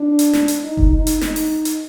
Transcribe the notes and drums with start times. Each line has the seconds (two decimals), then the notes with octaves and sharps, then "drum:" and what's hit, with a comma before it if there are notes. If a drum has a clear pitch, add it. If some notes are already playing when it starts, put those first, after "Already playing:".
Already playing: D4
0.19 drum: hi-hat
0.33 drum: snare
0.48 drum: hi-hat
0.63 D#4
0.77 drum: kick F1
0.93 D#4
1.07 drum: hi-hat
1.21 D#4, drum: snare
1.36 drum: open hi-hat
1.65 drum: hi-hat